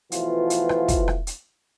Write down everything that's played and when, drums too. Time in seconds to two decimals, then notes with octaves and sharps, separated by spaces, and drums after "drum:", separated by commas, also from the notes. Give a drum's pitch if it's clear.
0.12 B2 E3 F3 A3 F4, drum: hi-hat
0.50 drum: hi-hat
0.69 drum: rim click
0.88 drum: kick, hi-hat
1.08 drum: rim click
1.27 drum: hi-hat